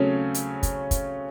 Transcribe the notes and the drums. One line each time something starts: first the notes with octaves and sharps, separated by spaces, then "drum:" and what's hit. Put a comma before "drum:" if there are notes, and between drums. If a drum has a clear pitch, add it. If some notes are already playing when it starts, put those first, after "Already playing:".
Already playing: C#3 F#3 A3 C4 C#4
drum: hi-hat
drum: kick, hi-hat
drum: kick, hi-hat